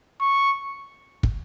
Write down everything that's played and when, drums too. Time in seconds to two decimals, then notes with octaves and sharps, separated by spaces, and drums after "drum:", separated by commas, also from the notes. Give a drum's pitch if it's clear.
0.20 C#6
1.23 drum: kick